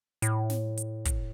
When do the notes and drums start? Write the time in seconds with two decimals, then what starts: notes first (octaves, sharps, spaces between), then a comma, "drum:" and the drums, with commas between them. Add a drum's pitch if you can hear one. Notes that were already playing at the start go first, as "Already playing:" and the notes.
0.22 A2, drum: hi-hat
0.50 drum: snare
0.77 drum: hi-hat
1.05 drum: kick, hi-hat